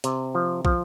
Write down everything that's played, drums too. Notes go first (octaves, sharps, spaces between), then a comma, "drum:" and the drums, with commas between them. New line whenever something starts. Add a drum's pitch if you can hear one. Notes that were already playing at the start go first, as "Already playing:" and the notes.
C3, drum: hi-hat
F3
F3, drum: kick